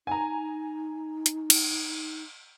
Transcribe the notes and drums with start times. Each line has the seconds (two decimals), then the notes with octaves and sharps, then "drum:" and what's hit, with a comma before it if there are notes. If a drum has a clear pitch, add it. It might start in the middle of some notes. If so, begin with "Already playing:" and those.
0.07 D#4 G#5 A#5
1.26 drum: hi-hat
1.50 drum: cymbal